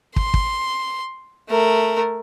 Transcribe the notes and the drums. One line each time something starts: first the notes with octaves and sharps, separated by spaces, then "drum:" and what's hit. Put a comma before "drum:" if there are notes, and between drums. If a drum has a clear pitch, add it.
C6, drum: kick
drum: kick
A3 A#4